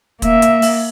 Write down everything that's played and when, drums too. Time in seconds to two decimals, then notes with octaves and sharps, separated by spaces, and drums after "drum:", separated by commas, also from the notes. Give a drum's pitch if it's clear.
0.22 A#3 E5, drum: kick, hi-hat
0.42 drum: hi-hat
0.62 drum: open hi-hat